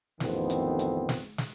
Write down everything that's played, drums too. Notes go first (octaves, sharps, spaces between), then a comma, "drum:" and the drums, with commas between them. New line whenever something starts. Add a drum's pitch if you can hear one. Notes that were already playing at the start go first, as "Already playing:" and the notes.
A1 F2 D#3 B3 C4, drum: snare
drum: hi-hat
drum: hi-hat
drum: snare
drum: snare